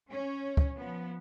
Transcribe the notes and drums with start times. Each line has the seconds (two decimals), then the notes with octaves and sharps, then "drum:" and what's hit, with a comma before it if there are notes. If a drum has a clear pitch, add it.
0.11 C#4
0.57 drum: kick
0.77 F3 B3